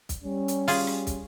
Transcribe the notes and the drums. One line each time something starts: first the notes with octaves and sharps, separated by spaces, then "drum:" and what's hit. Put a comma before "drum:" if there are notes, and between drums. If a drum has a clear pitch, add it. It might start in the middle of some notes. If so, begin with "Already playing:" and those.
drum: kick, hi-hat
G3 C#4
drum: hi-hat
F4 G#4, drum: open hi-hat
drum: rim click
drum: kick, hi-hat